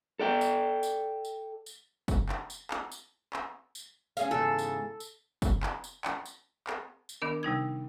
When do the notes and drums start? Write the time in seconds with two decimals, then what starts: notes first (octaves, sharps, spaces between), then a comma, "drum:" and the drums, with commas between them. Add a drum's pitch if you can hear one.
0.20 A4 D5 G5
0.41 drum: tambourine
0.83 drum: tambourine
1.25 drum: tambourine
1.66 drum: tambourine
2.08 drum: kick F#1, tambourine
2.29 drum: clap
2.50 drum: tambourine
2.71 drum: clap
2.92 drum: tambourine
3.33 drum: clap
3.75 drum: tambourine
4.17 C#4 G#4 F5, drum: tambourine
4.31 E2 G#2 C#3 A4
4.59 drum: tambourine
5.00 drum: tambourine
5.42 drum: kick F#1, tambourine
5.63 drum: clap
5.84 drum: tambourine
6.05 drum: clap
6.26 drum: tambourine
6.67 drum: clap
7.09 drum: tambourine
7.22 D#3 B3 D4 A#4
7.43 C3 G3 D#4 G#6